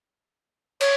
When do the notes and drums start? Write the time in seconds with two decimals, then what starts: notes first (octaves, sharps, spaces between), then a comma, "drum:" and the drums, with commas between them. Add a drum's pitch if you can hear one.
0.81 C#5, drum: cymbal